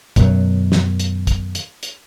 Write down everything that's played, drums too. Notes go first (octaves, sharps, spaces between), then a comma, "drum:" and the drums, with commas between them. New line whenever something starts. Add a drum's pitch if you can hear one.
F#2 B2 D#3 F#3, drum: kick, hi-hat
drum: snare
drum: hi-hat
drum: kick, hi-hat
drum: hi-hat
drum: hi-hat